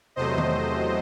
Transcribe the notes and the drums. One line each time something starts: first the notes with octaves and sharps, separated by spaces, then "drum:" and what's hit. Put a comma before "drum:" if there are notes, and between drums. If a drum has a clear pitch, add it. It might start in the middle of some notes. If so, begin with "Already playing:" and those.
E2 C3 F#3 A3 C5 D#5
drum: tom D#3